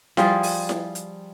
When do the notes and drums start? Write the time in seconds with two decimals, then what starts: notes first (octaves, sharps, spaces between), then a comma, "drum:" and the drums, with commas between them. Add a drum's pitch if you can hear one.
0.17 F3 G3 F4 G#4, drum: snare E4
0.43 drum: open hi-hat
0.69 drum: snare E4
0.95 drum: hi-hat